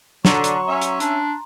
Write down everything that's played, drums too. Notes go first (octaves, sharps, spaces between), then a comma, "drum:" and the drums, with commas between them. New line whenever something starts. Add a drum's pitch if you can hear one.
D3 F#3 A#5 C6 C#6, drum: snare
drum: hi-hat
C#4 E5
drum: hi-hat
D4, drum: hi-hat